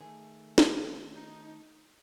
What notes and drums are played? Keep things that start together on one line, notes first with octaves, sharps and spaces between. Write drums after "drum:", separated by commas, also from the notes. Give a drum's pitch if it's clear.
D#3 A3 G#4
drum: snare
D#4